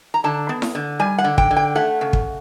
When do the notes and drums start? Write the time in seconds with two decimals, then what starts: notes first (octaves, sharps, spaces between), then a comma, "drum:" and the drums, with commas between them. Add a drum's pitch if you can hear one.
0.14 A#5
0.24 D3 A5
0.49 B3
0.62 drum: snare E4
0.75 D3
0.99 G3 G#5
1.18 F#5
1.24 D3
1.38 G5, drum: kick
1.51 D3
1.56 G5
1.75 A3 F#5
2.01 C#3
2.13 drum: kick